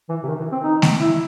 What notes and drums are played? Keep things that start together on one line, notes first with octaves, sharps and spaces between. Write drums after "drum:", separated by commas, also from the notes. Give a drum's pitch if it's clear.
E3
C3
D#3
E3
C4
D#4
drum: snare A3
E4